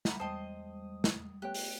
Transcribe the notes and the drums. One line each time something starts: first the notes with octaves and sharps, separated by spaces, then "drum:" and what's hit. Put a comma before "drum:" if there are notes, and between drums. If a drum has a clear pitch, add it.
G3 F4 E5 F#5 A#5 B5, drum: snare
E2 G#3 C5 D#5 G5 A5 D#6
drum: snare
A3 B3 G4 C#5 G5 F#6
drum: open hi-hat